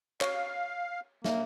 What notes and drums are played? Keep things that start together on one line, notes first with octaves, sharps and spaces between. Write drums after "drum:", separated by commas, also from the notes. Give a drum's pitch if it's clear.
C#5 F5, drum: clap
A#3 E5, drum: snare